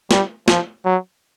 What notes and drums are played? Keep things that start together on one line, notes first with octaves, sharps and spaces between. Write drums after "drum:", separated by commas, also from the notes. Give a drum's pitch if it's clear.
G3, drum: snare
F3, drum: snare
F#3